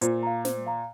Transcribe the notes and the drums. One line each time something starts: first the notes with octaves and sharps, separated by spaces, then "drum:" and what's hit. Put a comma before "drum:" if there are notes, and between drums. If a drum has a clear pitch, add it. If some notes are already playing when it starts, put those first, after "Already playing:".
A#2 C5, drum: hi-hat
F5 A#5
C5, drum: snare
F5 A#5